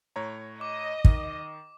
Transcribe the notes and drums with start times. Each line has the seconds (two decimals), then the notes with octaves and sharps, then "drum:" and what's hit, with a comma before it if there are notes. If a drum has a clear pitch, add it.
0.16 A2 C#5 A#5
0.61 D#5 D6
1.05 D#3, drum: kick